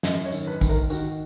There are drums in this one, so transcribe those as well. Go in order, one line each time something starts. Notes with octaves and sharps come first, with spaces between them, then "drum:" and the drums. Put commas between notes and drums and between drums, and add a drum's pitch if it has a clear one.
F#2 D#5, drum: snare
C#5
D#3, drum: tambourine
B4
D#3, drum: kick, tambourine
A#4
D#3 F#4, drum: tambourine